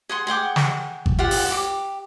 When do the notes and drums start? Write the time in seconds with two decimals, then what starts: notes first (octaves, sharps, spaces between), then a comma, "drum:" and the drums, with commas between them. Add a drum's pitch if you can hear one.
0.09 G#4 F#5 C6
0.27 G#4 F#5 G5 D6
0.56 drum: snare
1.06 drum: kick G#1
1.19 F4 G4 F#5
1.31 drum: open hi-hat
1.49 G4 D6